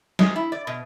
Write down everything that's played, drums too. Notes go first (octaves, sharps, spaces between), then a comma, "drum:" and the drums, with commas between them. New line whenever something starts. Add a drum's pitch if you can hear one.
G#3, drum: snare
E4
D5
B2